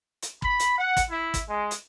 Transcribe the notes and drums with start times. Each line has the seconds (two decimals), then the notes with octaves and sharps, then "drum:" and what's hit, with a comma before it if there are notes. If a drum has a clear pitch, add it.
0.22 drum: hi-hat
0.42 B5, drum: kick
0.59 drum: hi-hat
0.78 F#5
0.97 drum: kick, hi-hat
1.10 E4
1.34 drum: kick, hi-hat
1.47 G#3
1.71 drum: hi-hat